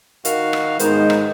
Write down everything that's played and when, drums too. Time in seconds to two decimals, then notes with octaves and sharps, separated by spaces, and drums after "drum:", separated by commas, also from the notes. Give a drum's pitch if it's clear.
0.25 D#3 F#4 F5, drum: hi-hat
0.53 drum: rim click
0.79 G#2 D#3 G#3 B3 D#4 C5, drum: hi-hat
1.10 drum: rim click